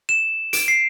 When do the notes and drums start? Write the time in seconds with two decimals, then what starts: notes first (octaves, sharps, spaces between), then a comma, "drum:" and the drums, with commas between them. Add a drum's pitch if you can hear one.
0.09 E7
0.53 D7, drum: hi-hat
0.68 C7